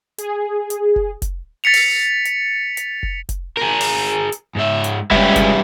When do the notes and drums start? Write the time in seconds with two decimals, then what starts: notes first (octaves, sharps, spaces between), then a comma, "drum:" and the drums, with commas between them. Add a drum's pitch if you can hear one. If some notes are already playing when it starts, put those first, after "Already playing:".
0.18 G#4, drum: hi-hat
0.70 drum: hi-hat
0.96 drum: kick F1
1.22 drum: kick F1, hi-hat
1.64 A6 B6 C#7 F7
1.74 drum: open hi-hat
2.25 drum: hi-hat
2.77 drum: hi-hat
3.03 drum: kick F1
3.29 drum: kick F1, hi-hat
3.57 G#4 A#4
3.81 drum: open hi-hat
4.32 drum: hi-hat
4.56 G#2 E5
4.84 drum: hi-hat
5.11 G3 G#3 C#4 B4 E5, drum: kick F1
5.36 drum: kick F1, hi-hat